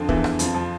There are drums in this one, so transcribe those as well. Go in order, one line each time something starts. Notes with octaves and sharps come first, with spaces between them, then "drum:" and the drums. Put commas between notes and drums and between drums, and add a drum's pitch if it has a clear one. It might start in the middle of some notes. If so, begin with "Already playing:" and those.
Already playing: F2 D3 F3
E2 E3, drum: kick
drum: rim click
F2 F3, drum: hi-hat
F3